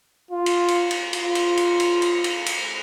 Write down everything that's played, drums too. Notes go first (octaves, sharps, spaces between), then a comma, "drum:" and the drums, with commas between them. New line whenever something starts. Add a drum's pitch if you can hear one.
F4
drum: cymbal
drum: cymbal
drum: cymbal
F4, drum: cymbal
drum: cymbal
drum: cymbal
drum: cymbal
drum: cymbal
drum: cymbal
drum: cymbal